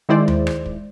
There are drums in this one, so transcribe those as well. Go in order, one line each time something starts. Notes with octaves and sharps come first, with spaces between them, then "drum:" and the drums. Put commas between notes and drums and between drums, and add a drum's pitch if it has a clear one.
D#3 G#3 E4 C5 D5
drum: tom D#2
drum: rim click
drum: kick